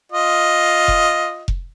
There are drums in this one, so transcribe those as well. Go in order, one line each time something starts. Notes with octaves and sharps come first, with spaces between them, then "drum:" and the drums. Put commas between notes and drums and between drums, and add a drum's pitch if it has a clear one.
F4 D#5
drum: kick F1
drum: kick F1